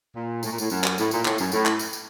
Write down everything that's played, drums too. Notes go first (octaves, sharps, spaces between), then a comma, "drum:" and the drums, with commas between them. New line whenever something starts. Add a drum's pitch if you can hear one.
A#2
A2, drum: tambourine
A#2
A2, drum: tambourine
F#2, drum: tambourine
drum: clap
A2, drum: tambourine
A#2, drum: tambourine
A2, drum: clap
F#2, drum: tambourine
A2, drum: tambourine
drum: clap
drum: tambourine
drum: tambourine